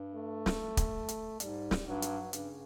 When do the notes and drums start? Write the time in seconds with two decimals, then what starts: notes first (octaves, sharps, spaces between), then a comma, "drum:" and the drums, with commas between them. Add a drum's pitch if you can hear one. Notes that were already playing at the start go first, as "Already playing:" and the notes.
Already playing: G2
0.15 A3
0.46 drum: snare
0.77 drum: kick, hi-hat
1.08 drum: hi-hat
1.40 G#2 G3, drum: hi-hat
1.71 drum: snare
1.87 G2 F#3
2.02 drum: hi-hat
2.33 G2 C#3, drum: hi-hat